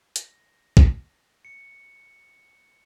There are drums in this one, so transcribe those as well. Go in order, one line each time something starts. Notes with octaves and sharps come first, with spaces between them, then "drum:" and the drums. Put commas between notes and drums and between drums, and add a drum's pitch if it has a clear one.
A#6, drum: hi-hat
drum: kick A#1
C#7